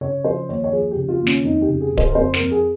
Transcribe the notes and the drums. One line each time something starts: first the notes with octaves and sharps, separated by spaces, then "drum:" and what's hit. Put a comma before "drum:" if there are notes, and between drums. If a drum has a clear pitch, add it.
C#3 C#5
F3 C5
D#2 C#5
C#5
F3 G#4
G4
C#3
F4
D#2
C#4, drum: snare
F2 D#4
G4
C#3
G#4
C#3
C5, drum: kick D1
A#4
F2 C5
A#4, drum: snare
F2
G#4